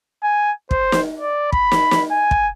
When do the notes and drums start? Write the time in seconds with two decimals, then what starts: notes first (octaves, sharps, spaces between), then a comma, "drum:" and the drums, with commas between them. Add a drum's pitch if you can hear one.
0.23 G#5
0.71 C5, drum: kick
0.92 drum: snare
1.19 D5
1.52 B5, drum: kick
1.72 drum: snare
1.91 drum: snare
2.11 G#5
2.31 drum: kick